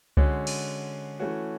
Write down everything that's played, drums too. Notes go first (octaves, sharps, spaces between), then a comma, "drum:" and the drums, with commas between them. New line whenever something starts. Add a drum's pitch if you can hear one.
D3 G#3 C#4 F#4, drum: kick C#2
drum: cymbal
E3 A3 C#4 F#4